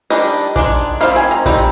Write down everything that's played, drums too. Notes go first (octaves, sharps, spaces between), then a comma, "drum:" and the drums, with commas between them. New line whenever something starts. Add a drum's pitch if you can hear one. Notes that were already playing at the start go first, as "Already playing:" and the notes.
D#3 G3 D4 D#5
D#3 G#3 D4, drum: kick A#1
D#3 G3 C4 F5
G#5
A#5
G3 C4 D#4, drum: kick A#1